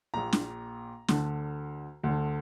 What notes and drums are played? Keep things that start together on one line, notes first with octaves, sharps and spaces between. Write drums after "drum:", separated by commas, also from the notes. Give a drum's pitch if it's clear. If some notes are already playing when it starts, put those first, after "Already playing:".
A#1 A#2 A#5
drum: snare
D2 D3, drum: snare
D2 D3